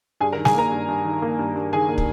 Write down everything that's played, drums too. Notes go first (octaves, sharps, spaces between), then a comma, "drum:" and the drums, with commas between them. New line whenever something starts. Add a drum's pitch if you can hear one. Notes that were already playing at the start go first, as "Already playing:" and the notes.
G2 G#4 G#5
A#4 A#5
D#3
G#4 G#5, drum: snare
A#3 A#4 A#5
G2
G2
D#3
A#3
G2
G2
D#3 G#4 G#5
A#3
drum: kick